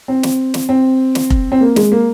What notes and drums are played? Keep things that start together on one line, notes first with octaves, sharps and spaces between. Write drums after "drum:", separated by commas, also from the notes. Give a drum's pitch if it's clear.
C4
drum: snare
drum: snare
C4
drum: snare
drum: kick F1
C4
A#3
G#3, drum: snare
A#3